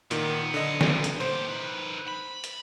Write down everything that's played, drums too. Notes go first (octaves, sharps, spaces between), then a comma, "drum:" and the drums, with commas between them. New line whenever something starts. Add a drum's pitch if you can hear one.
A#2 D#3 F#3 B3, drum: hi-hat
D3 D#5
drum: snare
drum: hi-hat
A#2 G4 C5
D#3 B4
B5
drum: hi-hat